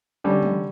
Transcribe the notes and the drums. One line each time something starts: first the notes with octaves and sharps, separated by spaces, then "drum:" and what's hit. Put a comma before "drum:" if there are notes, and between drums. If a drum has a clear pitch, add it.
D3 G3 C#4
drum: tom